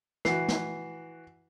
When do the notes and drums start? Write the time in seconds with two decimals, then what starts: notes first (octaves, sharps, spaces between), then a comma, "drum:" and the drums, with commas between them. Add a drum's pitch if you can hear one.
0.25 E3 F#4 C7, drum: snare
0.48 drum: snare